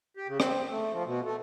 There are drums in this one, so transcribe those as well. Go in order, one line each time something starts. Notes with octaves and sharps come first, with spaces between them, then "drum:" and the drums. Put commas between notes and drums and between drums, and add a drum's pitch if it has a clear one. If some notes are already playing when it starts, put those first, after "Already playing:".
G4
C#3
C4, drum: rim click
A3
F3
B2
A3